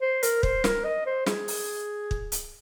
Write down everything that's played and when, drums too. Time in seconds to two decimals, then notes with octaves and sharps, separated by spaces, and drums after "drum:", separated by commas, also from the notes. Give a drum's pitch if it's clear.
0.01 C5
0.23 A#4, drum: hi-hat
0.43 C5, drum: kick
0.64 A#4, drum: snare
0.84 D#5
1.06 C5
1.27 G#4, drum: snare
1.48 drum: open hi-hat
2.11 drum: kick
2.32 drum: hi-hat